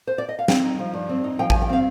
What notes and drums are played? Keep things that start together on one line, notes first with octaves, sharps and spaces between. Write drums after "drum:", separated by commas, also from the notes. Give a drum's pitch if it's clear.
C5
D5
D#5
F5
C4 G5, drum: snare
D#4
F3
G2
C4
D#4
F3 G5
G#5, drum: kick A1
G2
G5
C4 F5